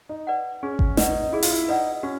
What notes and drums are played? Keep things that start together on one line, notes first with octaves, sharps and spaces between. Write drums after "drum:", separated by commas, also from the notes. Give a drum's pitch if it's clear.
D#4
B4 D5 F#5
C#4 G#4
drum: kick G#1
D#4 B4 D5 F#5, drum: snare
E4 G#4
F4, drum: open hi-hat
E4
D#4 B4 D5 F#5
C#4 F#4